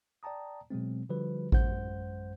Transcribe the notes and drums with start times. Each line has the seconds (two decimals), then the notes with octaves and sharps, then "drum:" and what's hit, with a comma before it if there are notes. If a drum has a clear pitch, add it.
0.23 D5 G5 A5 A#5 D#6
0.70 B2 F#3 G#3 C4
1.09 D3 F3 G3 F#4 B4
1.52 A1 F#2 G#3 C5 F#5 G6, drum: kick A1